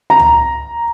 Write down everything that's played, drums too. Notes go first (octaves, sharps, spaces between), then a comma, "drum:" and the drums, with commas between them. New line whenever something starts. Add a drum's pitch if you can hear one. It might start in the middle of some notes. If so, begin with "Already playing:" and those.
A#5
drum: tom C#2